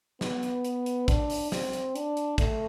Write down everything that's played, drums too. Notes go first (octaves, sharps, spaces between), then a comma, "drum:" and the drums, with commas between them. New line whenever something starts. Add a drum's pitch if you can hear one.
B3, drum: snare
drum: hi-hat
drum: hi-hat
drum: hi-hat
D4, drum: kick, hi-hat
drum: open hi-hat
C4, drum: snare
drum: hi-hat
D4, drum: hi-hat
drum: hi-hat
A3, drum: kick, hi-hat